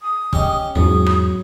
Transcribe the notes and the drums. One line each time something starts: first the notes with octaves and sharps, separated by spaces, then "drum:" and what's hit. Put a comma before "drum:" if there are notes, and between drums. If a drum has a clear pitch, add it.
D#6
C#4 G4 D#5, drum: kick
E2 G#2 F#3 C#4 D#6
drum: rim click